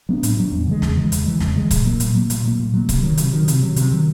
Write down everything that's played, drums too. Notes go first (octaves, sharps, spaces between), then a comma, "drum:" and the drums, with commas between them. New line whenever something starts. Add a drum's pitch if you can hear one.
F#3 B3 D4
A2, drum: hi-hat
F#3 B3 D4
E2
C#3 E3 G#3
E2, drum: snare
C#3 E3 G#3
E2, drum: hi-hat
C#3 E3 G#3
E2, drum: snare
C#3 E3 G#3
A#2, drum: kick C#1, hi-hat
F#3 A#3
A#2, drum: hi-hat
F#3 A#3
A#2, drum: hi-hat
F#3 A#3
A#2
F#3 A#3
C3, drum: kick C#1, hi-hat
D#3 F#3
C3, drum: hi-hat
D#3 F#3
C3, drum: hi-hat
D#3 F#3
C3, drum: hi-hat
D#3 F#3